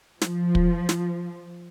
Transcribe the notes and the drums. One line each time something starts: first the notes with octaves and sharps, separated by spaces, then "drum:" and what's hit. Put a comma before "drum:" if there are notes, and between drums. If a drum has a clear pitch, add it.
F3, drum: snare
drum: kick
drum: snare